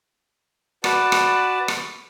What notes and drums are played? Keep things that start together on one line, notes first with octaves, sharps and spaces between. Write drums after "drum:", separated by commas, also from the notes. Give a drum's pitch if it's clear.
F#4 B4 D5 A5, drum: rim click
drum: rim click
drum: rim click